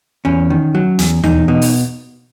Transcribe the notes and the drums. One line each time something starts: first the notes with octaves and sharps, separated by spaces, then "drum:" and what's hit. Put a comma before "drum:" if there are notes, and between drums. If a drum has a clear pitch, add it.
E2 C#4
D#3
F#3
E2, drum: hi-hat
E2 D#4, drum: tom D#2
B2 D#4
drum: open hi-hat